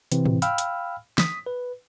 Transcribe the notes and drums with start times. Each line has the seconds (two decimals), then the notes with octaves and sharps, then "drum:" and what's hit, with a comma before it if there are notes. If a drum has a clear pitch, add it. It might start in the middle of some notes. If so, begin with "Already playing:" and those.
0.12 C3 E3 C4, drum: hi-hat
0.25 drum: tom G#2
0.42 F5 G5 B5 E6 F6, drum: hi-hat
0.58 drum: hi-hat
1.18 D#6 B6, drum: snare
1.46 B4